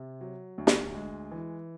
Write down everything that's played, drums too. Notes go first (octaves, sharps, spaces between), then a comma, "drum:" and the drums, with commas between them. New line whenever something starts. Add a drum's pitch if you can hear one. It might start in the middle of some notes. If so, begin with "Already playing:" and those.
Already playing: C3
F#3
D2
drum: snare
G#3
E3